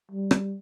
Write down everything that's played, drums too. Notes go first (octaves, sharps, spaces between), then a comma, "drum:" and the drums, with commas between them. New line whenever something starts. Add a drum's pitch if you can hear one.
G3
drum: rim click